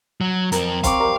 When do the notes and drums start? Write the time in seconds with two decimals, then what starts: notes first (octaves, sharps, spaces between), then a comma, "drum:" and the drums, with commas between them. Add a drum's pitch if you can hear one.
0.21 F#3
0.52 F2 C4 A#4, drum: hi-hat
0.84 C4 F5 C#6 D6, drum: kick, hi-hat
0.99 G3 A#4 G5